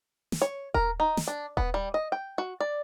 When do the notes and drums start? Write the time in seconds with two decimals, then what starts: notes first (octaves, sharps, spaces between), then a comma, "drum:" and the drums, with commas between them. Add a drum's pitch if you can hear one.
0.32 drum: snare
0.42 C#5
0.74 A#4, drum: kick D#1
1.00 D#4
1.17 drum: snare
1.28 D4
1.57 B3, drum: kick D#1
1.74 G3
1.94 D#5
2.12 G5
2.38 F#4
2.61 D5